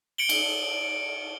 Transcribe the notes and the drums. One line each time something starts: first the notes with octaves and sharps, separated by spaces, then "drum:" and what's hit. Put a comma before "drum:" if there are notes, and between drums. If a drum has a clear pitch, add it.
C#7 D7 F#7 G7
drum: cymbal